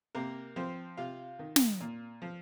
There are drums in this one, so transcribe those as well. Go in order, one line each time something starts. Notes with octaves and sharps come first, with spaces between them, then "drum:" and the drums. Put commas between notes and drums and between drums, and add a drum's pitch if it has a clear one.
C3 A#3 A#4
F3 C4 C5
C3 F4 F5
D#3
drum: snare
A#2
F3